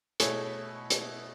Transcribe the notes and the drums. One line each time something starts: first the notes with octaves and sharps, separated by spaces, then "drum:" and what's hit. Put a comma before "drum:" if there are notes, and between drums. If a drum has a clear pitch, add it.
B2 A3 E4 G#4 C#5, drum: hi-hat
drum: hi-hat